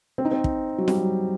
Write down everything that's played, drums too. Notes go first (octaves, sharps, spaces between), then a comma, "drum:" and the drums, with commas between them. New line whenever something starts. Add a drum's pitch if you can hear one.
C4
D#4
C4
drum: kick
F#3
G3, drum: snare
F#3